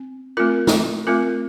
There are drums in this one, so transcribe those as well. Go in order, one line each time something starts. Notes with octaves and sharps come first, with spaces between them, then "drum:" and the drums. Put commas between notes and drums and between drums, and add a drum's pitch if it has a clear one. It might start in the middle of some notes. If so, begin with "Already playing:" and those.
Already playing: C4
A3 C4 F4 A#4
drum: snare
A3 C4 F4 A#4